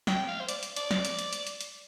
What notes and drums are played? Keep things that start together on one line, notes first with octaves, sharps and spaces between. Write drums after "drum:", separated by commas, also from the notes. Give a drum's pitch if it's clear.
G5, drum: snare
F5
C5
D5, drum: hi-hat
drum: hi-hat
D5, drum: hi-hat
drum: snare
drum: hi-hat
drum: hi-hat
drum: hi-hat
drum: hi-hat
drum: hi-hat